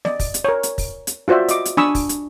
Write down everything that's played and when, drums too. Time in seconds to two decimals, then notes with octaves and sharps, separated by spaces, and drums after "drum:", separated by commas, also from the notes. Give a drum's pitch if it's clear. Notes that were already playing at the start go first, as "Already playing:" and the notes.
0.05 D5 D#5, drum: snare
0.20 drum: kick, open hi-hat
0.34 drum: hi-hat
0.44 A#4 C#5
0.63 drum: hi-hat
0.78 drum: kick, open hi-hat
1.07 drum: hi-hat
1.28 F4 F#4 C5 D5 E5
1.48 D#5 D6, drum: hi-hat
1.65 drum: hi-hat
1.77 D4 G#5 B5 C#6 D#6 E6, drum: snare
1.95 drum: kick, open hi-hat
2.09 drum: hi-hat